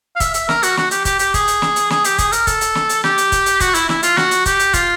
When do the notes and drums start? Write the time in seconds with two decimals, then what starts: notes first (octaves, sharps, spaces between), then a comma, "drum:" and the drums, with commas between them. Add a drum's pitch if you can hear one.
0.16 F5
0.20 E5, drum: kick, hi-hat
0.34 E5, drum: hi-hat
0.49 A#4, drum: snare
0.63 F#4, drum: hi-hat
0.77 F#4, drum: snare
0.91 G4, drum: hi-hat
1.05 G4, drum: kick, hi-hat
1.19 G4, drum: hi-hat
1.34 G#4, drum: kick, hi-hat
1.48 drum: hi-hat
1.62 drum: snare
1.76 drum: hi-hat
1.90 G#4, drum: snare
2.05 G4, drum: hi-hat
2.18 G#4, drum: kick, hi-hat
2.33 A#4, drum: hi-hat
2.47 A4, drum: kick, hi-hat
2.61 drum: hi-hat
2.75 drum: snare
2.89 drum: hi-hat
3.04 G4, drum: snare
3.18 drum: hi-hat
3.32 drum: kick, hi-hat
3.46 drum: hi-hat
3.60 F#4, drum: kick, hi-hat
3.75 E4, drum: hi-hat
3.89 E4, drum: snare
4.03 F4, drum: hi-hat
4.17 F#4, drum: snare
4.31 drum: hi-hat
4.46 G4, drum: kick, hi-hat
4.60 drum: hi-hat
4.74 F4, drum: kick, hi-hat